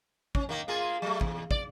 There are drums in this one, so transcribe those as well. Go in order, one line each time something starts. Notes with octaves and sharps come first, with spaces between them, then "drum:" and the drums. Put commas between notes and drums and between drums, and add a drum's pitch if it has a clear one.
C#4, drum: kick
D#3 A#3
A#3 F4 G#4
F#3 A3
E2, drum: kick
D5, drum: kick